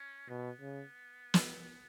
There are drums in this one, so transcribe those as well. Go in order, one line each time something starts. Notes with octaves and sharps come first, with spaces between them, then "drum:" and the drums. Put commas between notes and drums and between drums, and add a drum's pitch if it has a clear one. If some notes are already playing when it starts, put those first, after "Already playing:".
Already playing: C#4
B2 B3
C#3
drum: snare